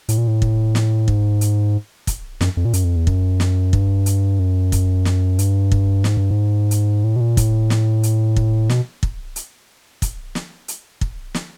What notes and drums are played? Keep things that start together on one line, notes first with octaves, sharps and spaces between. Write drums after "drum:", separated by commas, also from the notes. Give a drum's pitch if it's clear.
A2, drum: hi-hat
A#2
A2
drum: kick
drum: snare
G#2, drum: kick
drum: hi-hat
drum: kick, hi-hat
F#2, drum: snare
F2
A#2
F#2, drum: hi-hat
F2
E2
F#2, drum: kick
drum: snare
G2, drum: kick
drum: hi-hat
F#2
drum: kick, hi-hat
drum: snare
G2, drum: hi-hat
drum: kick
G#2, drum: snare
G2
G#2
drum: hi-hat
A2
B2
A#2
A2, drum: kick, hi-hat
drum: snare
drum: hi-hat
drum: kick
B2, drum: snare
drum: kick
drum: hi-hat
drum: kick, hi-hat
drum: snare
drum: hi-hat
drum: kick
drum: snare